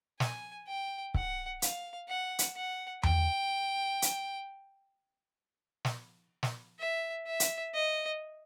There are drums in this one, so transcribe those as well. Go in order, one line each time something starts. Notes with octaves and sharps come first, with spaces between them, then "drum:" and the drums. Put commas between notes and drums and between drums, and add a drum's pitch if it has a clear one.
G#5, drum: snare
G5
F#5, drum: kick C#1
F5, drum: hi-hat
F#5
drum: hi-hat
F#5
G5, drum: tom E2
drum: hi-hat
drum: snare
drum: snare
E5
E5
drum: hi-hat
D#5